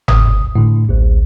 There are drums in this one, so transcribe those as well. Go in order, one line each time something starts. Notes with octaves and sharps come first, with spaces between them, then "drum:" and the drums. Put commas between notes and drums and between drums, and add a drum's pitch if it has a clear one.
D#6, drum: tom G1
A2 D3
A1 D2